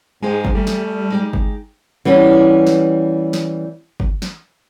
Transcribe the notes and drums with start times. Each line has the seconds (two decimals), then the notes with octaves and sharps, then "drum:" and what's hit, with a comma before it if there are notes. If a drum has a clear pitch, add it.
0.22 G#2 G#3 G4 A#4 G#5
0.45 drum: kick G1
0.55 G3 A3
0.67 drum: snare
1.10 G#3 D#4 G4
1.33 drum: kick G1
2.05 E3 G3 B3 C#4
2.67 drum: snare
3.33 drum: snare
4.00 drum: kick G1
4.22 drum: snare